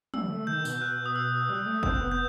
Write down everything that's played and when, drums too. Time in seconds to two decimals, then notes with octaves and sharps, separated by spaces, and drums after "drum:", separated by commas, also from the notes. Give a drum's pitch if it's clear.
0.14 G3 E6, drum: tom
0.31 A3
0.47 D#3 G6
0.65 B2, drum: tambourine
0.82 B2 F#6
1.06 D#6
1.16 E6
1.49 G3 F#6
1.66 A3
1.83 C4 G6, drum: kick
2.01 B3
2.12 G6